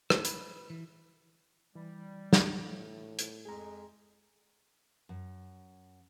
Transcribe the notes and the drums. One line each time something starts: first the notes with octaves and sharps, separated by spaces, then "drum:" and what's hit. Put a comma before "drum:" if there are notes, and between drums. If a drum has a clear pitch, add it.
A3, drum: rim click
B4, drum: hi-hat
E3
E3 G3
drum: snare
A2
drum: hi-hat
F2 G#3 G#4 A#5
F#2